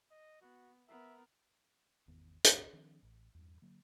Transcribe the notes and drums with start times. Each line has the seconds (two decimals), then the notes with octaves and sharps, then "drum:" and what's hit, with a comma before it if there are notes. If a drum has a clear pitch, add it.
0.11 D#5
0.42 B3 F#4
0.88 B3 A#4 E5
2.08 G#1 E2 D#3 B3
2.44 G#1 D2 G2 A#2, drum: hi-hat
2.73 D#3 F3 C4 D4
3.03 A1
3.35 E2 G2
3.62 D3 F#3 A#3